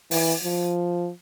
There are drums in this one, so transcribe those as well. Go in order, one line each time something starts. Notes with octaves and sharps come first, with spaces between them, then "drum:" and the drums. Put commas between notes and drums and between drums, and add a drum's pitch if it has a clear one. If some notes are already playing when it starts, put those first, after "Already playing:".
E3, drum: open hi-hat
F3